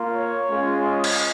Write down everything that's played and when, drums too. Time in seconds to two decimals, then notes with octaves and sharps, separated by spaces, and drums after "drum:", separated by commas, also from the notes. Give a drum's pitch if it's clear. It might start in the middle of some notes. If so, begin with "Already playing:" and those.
Already playing: A#3 F4
0.13 C#5
0.50 G#3 C#4 F4
0.85 D#5
1.04 drum: cymbal